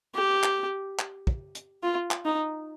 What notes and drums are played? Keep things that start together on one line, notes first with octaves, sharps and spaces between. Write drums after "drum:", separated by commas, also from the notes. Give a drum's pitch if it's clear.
G4
drum: clap
drum: clap
drum: kick
drum: hi-hat
F4
drum: clap
D#4